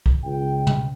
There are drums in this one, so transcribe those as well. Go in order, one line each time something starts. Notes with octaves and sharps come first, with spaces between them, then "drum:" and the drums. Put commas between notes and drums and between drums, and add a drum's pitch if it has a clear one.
drum: kick
C#2 G5
drum: tom